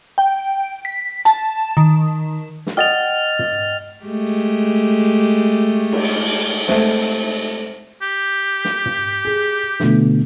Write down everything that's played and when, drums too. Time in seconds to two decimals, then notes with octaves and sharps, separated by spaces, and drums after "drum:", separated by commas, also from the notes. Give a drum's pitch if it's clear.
0.18 G5
0.85 B6
1.25 A5, drum: hi-hat
1.77 D#3
2.67 drum: snare
2.77 D#5 F#5 G5 F6 A6 F7
3.39 drum: tom
4.05 G#3 A3 G4
5.92 drum: cymbal
6.68 C3 G#3 A3, drum: snare
8.02 G4
8.65 drum: snare
8.86 drum: tom
9.25 G#4
9.80 B2 D3 A3, drum: snare